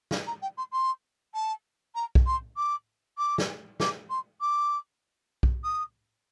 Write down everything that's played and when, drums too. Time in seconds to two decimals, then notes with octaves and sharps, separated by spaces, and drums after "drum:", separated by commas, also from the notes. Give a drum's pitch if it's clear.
0.11 F5, drum: snare
0.26 A#5
0.41 G5
0.57 C6
0.72 C6
1.33 A5
1.94 A#5
2.15 drum: kick B1
2.26 C6
2.56 D6
3.17 D6
3.38 drum: snare
3.80 D6, drum: snare
4.09 C6
4.40 D6
5.43 drum: kick B1
5.63 D#6